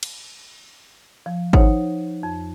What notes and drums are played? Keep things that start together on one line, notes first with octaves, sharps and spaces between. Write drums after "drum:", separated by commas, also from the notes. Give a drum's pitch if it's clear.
drum: cymbal
F3
D#4 C5 C#5 F#5, drum: kick G#1
F2